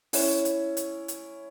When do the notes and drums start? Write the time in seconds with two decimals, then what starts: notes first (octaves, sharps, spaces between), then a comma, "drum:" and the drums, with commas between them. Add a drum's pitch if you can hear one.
0.13 C#4 E4, drum: open hi-hat
0.45 drum: hi-hat
0.77 drum: hi-hat
1.08 drum: hi-hat